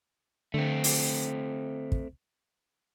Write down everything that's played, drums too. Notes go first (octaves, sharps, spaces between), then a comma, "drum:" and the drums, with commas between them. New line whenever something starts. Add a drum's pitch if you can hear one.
D3 A3 C4
drum: open hi-hat
drum: kick